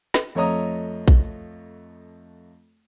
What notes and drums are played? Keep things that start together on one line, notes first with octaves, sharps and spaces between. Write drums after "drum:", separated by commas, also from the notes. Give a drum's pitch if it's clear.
drum: snare
F2 A3 C#5 D#5 A#5 D#6
drum: kick A#1